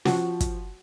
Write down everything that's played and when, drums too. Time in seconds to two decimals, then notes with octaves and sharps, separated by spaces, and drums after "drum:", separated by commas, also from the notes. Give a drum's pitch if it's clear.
0.05 F3 F#4, drum: snare
0.40 drum: kick, hi-hat